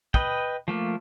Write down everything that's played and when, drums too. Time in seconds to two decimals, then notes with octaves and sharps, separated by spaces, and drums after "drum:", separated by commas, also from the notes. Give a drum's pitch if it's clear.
0.14 B4 D#5 G5, drum: kick
0.68 F3 A3 A#3